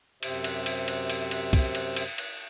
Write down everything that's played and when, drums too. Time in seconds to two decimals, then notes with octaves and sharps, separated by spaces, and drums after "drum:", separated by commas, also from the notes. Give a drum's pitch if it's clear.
0.23 F#2 C3 G4 C5 E5, drum: cymbal
0.44 drum: cymbal
0.66 drum: cymbal
0.88 drum: cymbal
1.10 drum: cymbal
1.31 drum: cymbal
1.53 drum: kick C2, cymbal
1.75 drum: cymbal
1.96 drum: cymbal
2.18 drum: cymbal